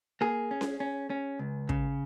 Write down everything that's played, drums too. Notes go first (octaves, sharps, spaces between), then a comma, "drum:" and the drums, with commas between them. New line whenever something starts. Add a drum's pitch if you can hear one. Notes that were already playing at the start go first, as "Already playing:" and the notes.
A#3 G#4
C#4
drum: snare C#4
C#4
C#4
C#2
C#3, drum: kick